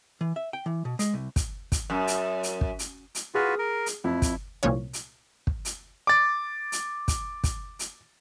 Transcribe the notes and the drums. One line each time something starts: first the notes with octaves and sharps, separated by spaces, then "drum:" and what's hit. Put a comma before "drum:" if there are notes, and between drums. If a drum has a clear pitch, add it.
E3
E5
G5
E3
B2
G#3, drum: hi-hat
C2
drum: kick, hi-hat
drum: kick, hi-hat
F#2
drum: hi-hat
drum: hi-hat
drum: kick
drum: hi-hat
drum: hi-hat
F4 F#4 G#4 B4 F6
A#4
drum: hi-hat
F2 E4
drum: kick, hi-hat
C2 A#2 F3 C#4 C#5
drum: hi-hat
drum: kick
drum: hi-hat
D6 A6
drum: hi-hat
drum: kick, hi-hat
drum: kick, hi-hat
drum: hi-hat